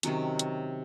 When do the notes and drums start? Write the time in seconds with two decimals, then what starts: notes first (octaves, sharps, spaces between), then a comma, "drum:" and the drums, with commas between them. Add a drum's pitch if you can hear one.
0.03 C3 D#3 F#3 C#4, drum: hi-hat
0.39 drum: hi-hat